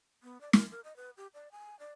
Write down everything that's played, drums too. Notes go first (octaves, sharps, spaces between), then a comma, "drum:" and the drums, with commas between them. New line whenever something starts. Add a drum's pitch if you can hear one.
B3
D5
A#4, drum: snare
A#4
D#5
B4
G4
D5
G#5
D5